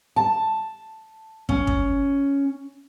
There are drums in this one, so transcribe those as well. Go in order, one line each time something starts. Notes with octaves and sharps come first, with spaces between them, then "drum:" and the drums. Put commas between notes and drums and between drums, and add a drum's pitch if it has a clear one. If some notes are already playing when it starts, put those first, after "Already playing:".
A5
C#4, drum: kick
drum: kick